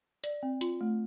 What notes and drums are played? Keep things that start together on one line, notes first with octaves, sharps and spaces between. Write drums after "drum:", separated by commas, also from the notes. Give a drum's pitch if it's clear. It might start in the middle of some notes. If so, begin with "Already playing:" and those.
D5, drum: hi-hat
C4
F4, drum: hi-hat
A3